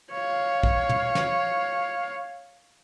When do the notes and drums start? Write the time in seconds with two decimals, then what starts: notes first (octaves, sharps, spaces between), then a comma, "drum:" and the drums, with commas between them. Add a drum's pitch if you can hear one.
0.12 C#5 F5
0.63 drum: kick
0.89 drum: tom
1.15 drum: snare